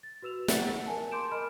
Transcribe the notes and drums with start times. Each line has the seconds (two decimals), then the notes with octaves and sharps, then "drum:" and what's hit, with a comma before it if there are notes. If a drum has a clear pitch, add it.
0.03 A6
0.22 F#4 B4 E6 E7 F7
0.48 G#4 F#5 A6 C#7, drum: snare
0.86 A#4 G#5 A5
1.11 C6 D6 G6 D7 E7
1.31 A#4 D#5 B5 D6 F6